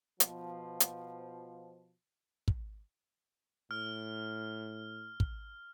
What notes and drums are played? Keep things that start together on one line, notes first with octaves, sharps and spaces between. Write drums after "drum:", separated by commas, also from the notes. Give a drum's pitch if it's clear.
B2 F3, drum: hi-hat
drum: hi-hat
drum: kick
A2 F6
drum: kick